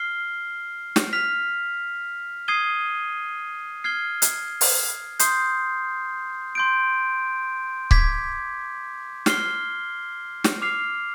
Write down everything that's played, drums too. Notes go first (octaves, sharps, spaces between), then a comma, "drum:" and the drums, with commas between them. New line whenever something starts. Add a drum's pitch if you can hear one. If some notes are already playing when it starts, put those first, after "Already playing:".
Already playing: F6 C7 G7
drum: snare
F6 B6 F7
D#6 G#6 C7 D#7 G7
F6 G#6 C7 G7
drum: hi-hat
drum: open hi-hat
C6 D#6 G6 C7, drum: hi-hat
C6 G6 D7
D6 G#6 B6, drum: kick C#1
F6 C7 G7, drum: snare
drum: snare
D6 F6 C7 F7